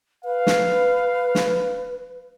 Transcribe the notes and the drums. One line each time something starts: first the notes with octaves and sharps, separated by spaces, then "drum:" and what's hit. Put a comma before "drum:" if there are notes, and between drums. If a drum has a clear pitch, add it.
B4 F5
drum: snare
drum: snare